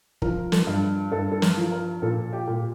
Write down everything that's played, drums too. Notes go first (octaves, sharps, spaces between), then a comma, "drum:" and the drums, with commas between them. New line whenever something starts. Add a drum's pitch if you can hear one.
F3 A#4, drum: kick
A4, drum: snare
G2
G2 A4
A4
A#4, drum: snare
F3
A#4
A#2 A4
G4
A#2